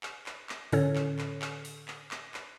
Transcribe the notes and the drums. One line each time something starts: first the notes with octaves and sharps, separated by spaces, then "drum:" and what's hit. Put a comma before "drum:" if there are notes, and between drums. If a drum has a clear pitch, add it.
drum: clap
drum: clap
drum: clap
A2 D3 C#4 A4 C#5, drum: open hi-hat
drum: clap
drum: clap
drum: clap
drum: open hi-hat
drum: clap
drum: clap
drum: clap